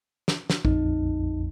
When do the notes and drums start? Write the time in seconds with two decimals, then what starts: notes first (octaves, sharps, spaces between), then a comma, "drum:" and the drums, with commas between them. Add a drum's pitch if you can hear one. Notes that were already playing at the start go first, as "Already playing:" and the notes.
0.28 drum: snare
0.50 drum: snare
0.65 A#1 F2 D#4, drum: kick